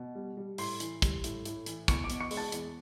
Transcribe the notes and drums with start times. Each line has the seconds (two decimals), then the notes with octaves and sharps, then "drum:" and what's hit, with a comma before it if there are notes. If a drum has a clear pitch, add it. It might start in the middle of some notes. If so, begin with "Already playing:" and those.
Already playing: B2
0.15 G3
0.37 G3
0.58 A2 C6 C7, drum: open hi-hat
0.80 E3, drum: hi-hat
1.02 G3, drum: kick, hi-hat
1.24 A2, drum: hi-hat
1.45 A2, drum: hi-hat
1.66 E3, drum: hi-hat
1.88 E2 C#6 C#7, drum: kick, hi-hat
2.04 D6 D7
2.10 B2, drum: hi-hat
2.20 C#6 C#7
2.31 G#3, drum: open hi-hat
2.37 A5 A6
2.52 E2, drum: hi-hat